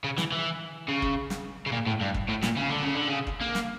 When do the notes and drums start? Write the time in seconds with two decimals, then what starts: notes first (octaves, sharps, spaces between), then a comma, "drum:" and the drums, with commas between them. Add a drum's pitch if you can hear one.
0.04 C#3
0.18 E3, drum: snare
0.32 E3
0.88 C#3
1.02 drum: kick
1.30 drum: snare
1.66 C#3
1.72 A#2
1.87 A2
2.01 G2
2.14 drum: kick
2.29 A2
2.43 A#2, drum: snare
2.56 C#3
2.70 D3
2.82 C#3
2.95 D3
3.08 C#3
3.27 drum: kick
3.41 A#3
3.55 drum: snare